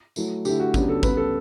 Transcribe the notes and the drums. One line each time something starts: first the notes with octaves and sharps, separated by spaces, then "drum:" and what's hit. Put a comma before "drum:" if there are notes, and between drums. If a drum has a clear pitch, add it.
F#3 A3 E4, drum: tambourine
D3 A3 E4 G4, drum: tambourine
F#4
C#3 F#3 B3 D4 G4, drum: kick G#1, tambourine
A4
C#3 G3 B3 B4, drum: kick G#1, tambourine
A4